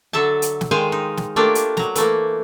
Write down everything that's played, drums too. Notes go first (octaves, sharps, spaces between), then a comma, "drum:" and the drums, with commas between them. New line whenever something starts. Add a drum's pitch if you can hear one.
D3 F#3 A4 E5 A5
drum: hi-hat
drum: snare
D#3 G#3 C5 F5 G5 G#5
D#4
drum: snare
A3 A#3 D4 F4 G4
drum: hi-hat
F#3 A#5, drum: snare
E3 A3 A#3, drum: hi-hat